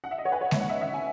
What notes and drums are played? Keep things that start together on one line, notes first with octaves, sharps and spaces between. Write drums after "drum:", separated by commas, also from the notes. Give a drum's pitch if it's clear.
F#5
E5
D#5
C#5 F#5
B4 G#5
C#5 F#5
E5, drum: snare G#3
F#5
D#5 E5
E5
G#5